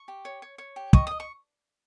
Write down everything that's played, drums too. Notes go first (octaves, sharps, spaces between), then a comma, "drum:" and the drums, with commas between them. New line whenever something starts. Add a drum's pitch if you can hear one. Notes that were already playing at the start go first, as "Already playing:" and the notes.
Already playing: C#6
G4
C#5
C#5
C#5
G4
D#5 C#6, drum: kick
D#5 D#6
C#6